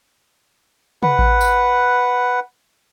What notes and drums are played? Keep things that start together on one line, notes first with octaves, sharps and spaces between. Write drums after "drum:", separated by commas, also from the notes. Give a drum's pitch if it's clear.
B4 F#5, drum: tom
drum: kick A1
drum: tambourine